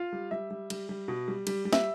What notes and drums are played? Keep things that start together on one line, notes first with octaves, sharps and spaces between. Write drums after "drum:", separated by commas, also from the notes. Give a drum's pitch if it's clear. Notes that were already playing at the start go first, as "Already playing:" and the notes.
Already playing: F4 F5
G3
G3 E5
G3
G3, drum: cymbal
G3
B2
G3
G3, drum: cymbal
G3
E5, drum: snare